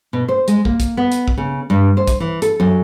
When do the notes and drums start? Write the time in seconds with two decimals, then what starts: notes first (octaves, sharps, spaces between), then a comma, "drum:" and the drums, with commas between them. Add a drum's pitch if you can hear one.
0.13 B2
0.28 C5
0.48 G#3, drum: hi-hat
0.65 A#3, drum: kick
0.80 drum: kick, hi-hat
0.97 B3
1.12 drum: hi-hat
1.28 drum: kick
1.38 C#3
1.70 G2
1.97 C5
2.07 drum: kick, hi-hat
2.20 E3
2.42 A4, drum: hi-hat
2.60 F#2